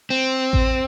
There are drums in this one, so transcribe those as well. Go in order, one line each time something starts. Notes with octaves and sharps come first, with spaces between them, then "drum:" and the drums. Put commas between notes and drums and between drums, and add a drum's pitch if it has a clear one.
C4
drum: kick A1